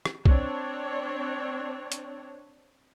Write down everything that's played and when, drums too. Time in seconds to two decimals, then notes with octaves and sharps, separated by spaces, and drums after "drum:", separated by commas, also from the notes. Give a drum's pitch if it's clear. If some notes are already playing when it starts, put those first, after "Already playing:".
0.05 drum: rim click
0.26 C4 D4 C#5, drum: kick B1
1.92 drum: hi-hat